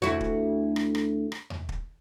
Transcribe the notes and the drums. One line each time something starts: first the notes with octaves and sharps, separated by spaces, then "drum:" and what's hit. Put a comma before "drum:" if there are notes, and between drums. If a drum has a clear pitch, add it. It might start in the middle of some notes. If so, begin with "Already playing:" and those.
D2 E4 F#4, drum: tom E2
drum: kick
drum: rim click
drum: rim click
drum: rim click
drum: tom E2
drum: kick